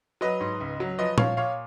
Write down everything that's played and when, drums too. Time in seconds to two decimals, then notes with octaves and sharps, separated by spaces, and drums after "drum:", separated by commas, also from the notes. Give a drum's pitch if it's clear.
0.21 F#3 B4 D#5
0.40 G#2
0.60 C#2
0.80 F#3
0.98 F3 B4 D#5
1.18 F3 C#5 F5, drum: tom A#2
1.37 A#2 C#5 F5